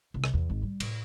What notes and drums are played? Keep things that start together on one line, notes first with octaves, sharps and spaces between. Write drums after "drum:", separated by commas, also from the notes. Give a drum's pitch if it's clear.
C2
drum: rim click
E2
G#1
G3
A2, drum: cymbal